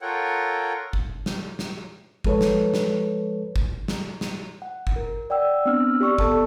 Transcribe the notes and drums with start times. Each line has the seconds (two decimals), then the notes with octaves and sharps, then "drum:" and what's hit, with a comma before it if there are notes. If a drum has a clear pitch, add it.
0.01 F4 A4 A#4 C#5 F#5 G5
0.93 drum: kick
1.26 drum: snare
1.59 drum: snare
2.24 F3 G#3 A4 B4 C#5, drum: kick
2.41 drum: snare
2.74 drum: snare
3.56 drum: kick
3.88 drum: snare
4.21 drum: snare
4.62 F#5
4.87 drum: kick
4.96 A#4
5.30 D5 F#5 G5 E6
5.66 B3 C4 D4 E6 F6
6.01 G4 D5 C#6 E6
6.18 B3 A4 A5 C#6, drum: kick